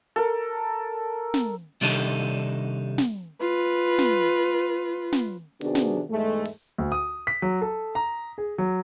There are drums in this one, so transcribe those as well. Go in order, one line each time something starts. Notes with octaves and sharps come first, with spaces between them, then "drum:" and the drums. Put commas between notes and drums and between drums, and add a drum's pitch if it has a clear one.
A4 A#4
drum: snare
C3 D#3 G3 D4 D#4 A4
drum: snare
F4 B4
drum: snare
drum: snare
C3 D#3 B3 D4 F#4 G#4, drum: open hi-hat
drum: snare
E2 G#2 G#3 A3
drum: open hi-hat
D2
D#6
B6
F#3
A4
A#5
G#4
F#3